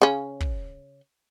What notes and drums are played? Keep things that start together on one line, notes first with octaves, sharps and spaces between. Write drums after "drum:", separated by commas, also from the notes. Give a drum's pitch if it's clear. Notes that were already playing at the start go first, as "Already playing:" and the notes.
C#3 C#4
drum: kick